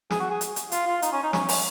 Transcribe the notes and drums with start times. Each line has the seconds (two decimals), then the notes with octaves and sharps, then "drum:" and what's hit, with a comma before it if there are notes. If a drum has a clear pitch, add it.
0.10 G#4, drum: snare
0.20 F#4
0.31 G#4
0.41 drum: hi-hat
0.56 drum: hi-hat
0.72 F4, drum: hi-hat
0.87 F4
1.02 D#4, drum: hi-hat
1.12 C#4
1.23 D#4
1.33 C#4, drum: snare
1.49 drum: open hi-hat